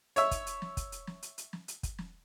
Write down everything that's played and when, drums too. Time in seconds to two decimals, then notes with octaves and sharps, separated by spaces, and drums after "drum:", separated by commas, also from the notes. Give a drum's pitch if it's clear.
0.16 C#5 E5, drum: hi-hat
0.31 drum: kick, hi-hat
0.47 drum: hi-hat
0.62 drum: snare
0.77 drum: kick, hi-hat
0.92 drum: hi-hat
1.07 drum: snare
1.23 drum: hi-hat
1.38 drum: hi-hat
1.53 drum: snare
1.68 drum: hi-hat
1.83 drum: kick, hi-hat
1.99 drum: snare